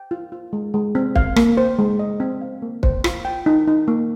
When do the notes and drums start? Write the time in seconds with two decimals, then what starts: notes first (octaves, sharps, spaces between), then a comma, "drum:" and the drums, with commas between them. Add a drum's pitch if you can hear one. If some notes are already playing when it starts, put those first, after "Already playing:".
Already playing: G5
0.11 F4
0.32 F4
0.53 G#3
0.74 G#3
0.95 C4
1.16 F5, drum: kick
1.36 A#3, drum: rim click
1.57 C5
1.79 G#3
1.99 D#5
2.20 C4
2.41 F5
2.62 A#3
2.83 C5, drum: kick
3.04 F4, drum: rim click
3.25 G5
3.46 D#4
3.67 D#4
3.88 A#3